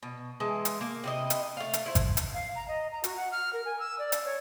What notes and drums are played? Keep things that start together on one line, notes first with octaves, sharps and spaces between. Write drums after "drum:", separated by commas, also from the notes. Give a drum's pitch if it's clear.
B2
E3 G#3 A5
drum: hi-hat
A#3
C3 E4 D#5
drum: hi-hat
A3 F5
drum: hi-hat
E4 C5
drum: kick G#1, hi-hat
drum: hi-hat
F5
A#5
D#5
A#5
F#4, drum: hi-hat
F#5
F6
A#4
G#5
E6
D5
drum: hi-hat
C#5